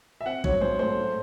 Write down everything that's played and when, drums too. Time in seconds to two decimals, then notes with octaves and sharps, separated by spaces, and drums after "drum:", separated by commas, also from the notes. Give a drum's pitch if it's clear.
0.21 E5
0.26 C4 F#5
0.44 F#3 C#5, drum: kick A#1
0.61 G#2 C5
0.79 A3 C5
0.96 A2